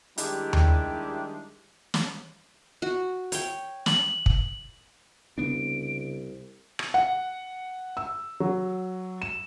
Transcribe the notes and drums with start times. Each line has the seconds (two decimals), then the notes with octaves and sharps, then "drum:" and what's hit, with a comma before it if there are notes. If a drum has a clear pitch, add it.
0.18 D#3 G3 G#3 D4 E4 G4, drum: hi-hat
0.53 drum: tom D#2
1.94 drum: snare
2.82 F#4
3.32 C#5 G5, drum: hi-hat
3.86 F#7, drum: snare
4.26 drum: kick
5.38 C2 C#3 B3 D4 D7
6.79 drum: rim click
6.94 F#5
7.97 E6
8.40 F#3
9.22 E7